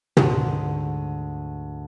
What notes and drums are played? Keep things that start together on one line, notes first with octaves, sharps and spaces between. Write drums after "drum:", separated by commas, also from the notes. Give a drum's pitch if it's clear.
D2 G#2, drum: tom